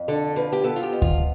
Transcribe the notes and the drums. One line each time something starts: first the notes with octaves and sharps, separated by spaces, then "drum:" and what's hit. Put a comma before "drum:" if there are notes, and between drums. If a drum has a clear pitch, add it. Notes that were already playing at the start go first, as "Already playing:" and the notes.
Already playing: F2
D3 A4
F3 B4
G4
B3 A4
F4
G4
F2
F4, drum: kick D2